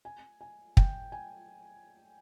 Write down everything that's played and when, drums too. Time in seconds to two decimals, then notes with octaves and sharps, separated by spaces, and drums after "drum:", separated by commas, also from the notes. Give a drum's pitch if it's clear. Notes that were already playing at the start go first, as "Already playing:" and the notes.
0.05 G#5
0.41 G#5
0.77 G5, drum: kick
1.12 G#5